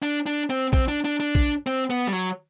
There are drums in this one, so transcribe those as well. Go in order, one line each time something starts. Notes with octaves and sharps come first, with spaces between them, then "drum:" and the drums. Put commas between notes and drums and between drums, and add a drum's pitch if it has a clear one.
D4
D4
C4
C4, drum: kick
D4
D4
D4
drum: kick
C4
B3
G3
F#3